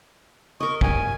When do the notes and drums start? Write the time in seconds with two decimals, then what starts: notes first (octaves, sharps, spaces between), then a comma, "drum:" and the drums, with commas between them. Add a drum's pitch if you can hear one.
0.60 A#4 D#5 C#6
0.81 G#5, drum: kick